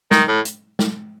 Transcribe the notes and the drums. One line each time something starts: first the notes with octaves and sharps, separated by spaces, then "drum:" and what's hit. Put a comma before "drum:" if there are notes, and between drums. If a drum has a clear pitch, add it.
D#3, drum: snare
A2
drum: hi-hat
drum: snare